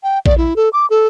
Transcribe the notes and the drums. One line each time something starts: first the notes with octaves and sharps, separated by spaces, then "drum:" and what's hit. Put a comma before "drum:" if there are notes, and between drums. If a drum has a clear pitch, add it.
G5
D5, drum: kick A#1
E4
A4
D6
A4